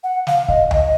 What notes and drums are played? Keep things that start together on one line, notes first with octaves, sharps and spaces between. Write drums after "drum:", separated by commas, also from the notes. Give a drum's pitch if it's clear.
F#5
F5, drum: snare
D#5, drum: kick
D#5, drum: tom D2